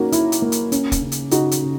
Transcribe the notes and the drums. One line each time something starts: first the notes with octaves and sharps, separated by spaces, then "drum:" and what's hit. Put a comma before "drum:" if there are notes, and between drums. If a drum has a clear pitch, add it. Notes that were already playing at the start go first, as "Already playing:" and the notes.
Already playing: A#3 C#4 D#4 F#4 A#4
E4, drum: hi-hat
drum: hi-hat
A#3
drum: hi-hat
C#4, drum: hi-hat
drum: kick, hi-hat
C#3
drum: hi-hat
C#3 D#4 F#4, drum: hi-hat
drum: hi-hat
C#3